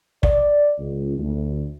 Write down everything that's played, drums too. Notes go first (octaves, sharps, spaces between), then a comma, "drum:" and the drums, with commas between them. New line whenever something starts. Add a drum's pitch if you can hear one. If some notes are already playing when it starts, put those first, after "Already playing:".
D5, drum: kick
C#2
D2